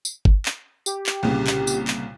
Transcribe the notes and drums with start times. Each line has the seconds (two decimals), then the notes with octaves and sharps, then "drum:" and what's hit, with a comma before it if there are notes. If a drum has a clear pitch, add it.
0.05 drum: tambourine
0.25 drum: kick G1
0.46 drum: clap
0.86 G4, drum: tambourine
1.06 drum: clap
1.23 C2 A#2 C#3
1.47 drum: clap
1.67 drum: tambourine
1.88 drum: clap